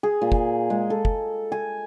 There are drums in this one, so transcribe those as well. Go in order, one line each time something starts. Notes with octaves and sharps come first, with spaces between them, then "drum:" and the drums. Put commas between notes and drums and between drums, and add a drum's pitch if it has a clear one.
G#4
A#2
drum: kick
G#3
A4
drum: kick
G#5